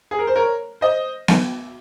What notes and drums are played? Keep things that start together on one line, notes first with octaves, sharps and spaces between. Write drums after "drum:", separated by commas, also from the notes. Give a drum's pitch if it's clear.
G#4
A#4
C5
A#4 C#5
C5 D#5
drum: snare B3